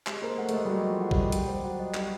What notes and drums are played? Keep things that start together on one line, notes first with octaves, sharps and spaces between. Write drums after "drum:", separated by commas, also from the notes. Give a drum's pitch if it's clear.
G#3 G4, drum: clap
A#3 C5
A3 F#5
A3, drum: hi-hat
G#3 D#5
G3
F#3 G4
C5
F3
F#5
G3, drum: kick
D#5
G3 G4, drum: hi-hat
C5
F#3 F#5
D#5
G3 G4, drum: clap